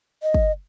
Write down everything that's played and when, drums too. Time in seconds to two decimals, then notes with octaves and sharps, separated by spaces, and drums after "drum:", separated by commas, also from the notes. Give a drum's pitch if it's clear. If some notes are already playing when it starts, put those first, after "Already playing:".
0.23 D#5
0.34 drum: kick